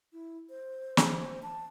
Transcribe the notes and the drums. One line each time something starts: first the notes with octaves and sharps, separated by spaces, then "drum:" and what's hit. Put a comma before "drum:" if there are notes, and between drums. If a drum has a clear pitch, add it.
E4
C5
drum: snare
A5